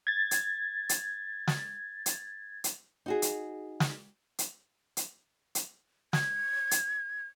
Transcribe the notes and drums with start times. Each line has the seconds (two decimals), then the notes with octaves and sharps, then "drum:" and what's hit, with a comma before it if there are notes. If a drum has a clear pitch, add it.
0.07 G#6 A6
0.31 drum: hi-hat
0.89 drum: hi-hat
1.48 drum: snare
2.06 drum: hi-hat
2.64 drum: hi-hat
3.06 D#4 F#4 G#4
3.22 drum: hi-hat
3.80 drum: snare
4.39 drum: hi-hat
4.97 drum: hi-hat
5.55 drum: hi-hat
6.13 G#6, drum: snare
6.71 drum: hi-hat